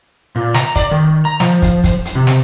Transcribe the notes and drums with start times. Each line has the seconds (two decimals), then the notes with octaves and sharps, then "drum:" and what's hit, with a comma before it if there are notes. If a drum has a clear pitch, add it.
0.36 A#2
0.54 A#5, drum: snare
0.76 D5, drum: kick, hi-hat
0.91 D#3
1.25 A#5
1.40 F3, drum: snare
1.62 drum: kick, hi-hat
1.84 drum: kick, hi-hat
2.05 drum: hi-hat
2.15 C3
2.27 drum: snare